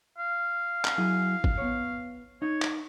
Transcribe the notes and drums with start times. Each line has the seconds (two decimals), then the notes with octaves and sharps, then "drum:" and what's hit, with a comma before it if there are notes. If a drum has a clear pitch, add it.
0.18 F5
0.85 drum: clap
0.98 F#3 E4 G#4
1.44 drum: kick
1.58 B3 C#5
2.42 D#4 C#5
2.62 drum: clap